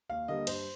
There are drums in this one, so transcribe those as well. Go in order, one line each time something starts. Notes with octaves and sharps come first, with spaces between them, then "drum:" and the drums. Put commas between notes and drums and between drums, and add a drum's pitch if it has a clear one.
D#2 F5
D3 G3 A#3 D#5
G2 C5, drum: cymbal